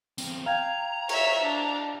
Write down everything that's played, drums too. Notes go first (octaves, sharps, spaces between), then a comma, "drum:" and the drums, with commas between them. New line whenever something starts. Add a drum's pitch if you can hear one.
E2 C4, drum: tambourine
F5 G5 A#5 G#6
C#5 E5, drum: cymbal
D4